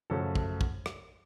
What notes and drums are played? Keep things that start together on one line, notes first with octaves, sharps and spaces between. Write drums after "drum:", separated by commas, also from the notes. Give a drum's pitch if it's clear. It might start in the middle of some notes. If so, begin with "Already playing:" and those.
F#2 C#3 F3 A3 A4
drum: kick
drum: kick
drum: rim click